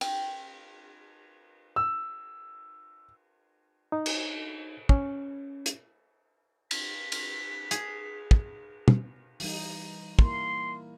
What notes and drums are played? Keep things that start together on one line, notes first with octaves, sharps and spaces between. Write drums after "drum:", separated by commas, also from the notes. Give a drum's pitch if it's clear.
G5, drum: cymbal
E6
D#4
drum: cymbal
C#4, drum: kick
drum: hi-hat
B6, drum: cymbal
drum: cymbal
G#4, drum: hi-hat
drum: kick
drum: tom
E3 G3 D#4, drum: open hi-hat
A#3 E4 A#4 C6, drum: kick